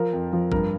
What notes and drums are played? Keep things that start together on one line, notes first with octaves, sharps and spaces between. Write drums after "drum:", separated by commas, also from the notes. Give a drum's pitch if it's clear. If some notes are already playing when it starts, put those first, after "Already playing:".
Already playing: F3 A#4
F2
F3
G2 A#4, drum: kick A1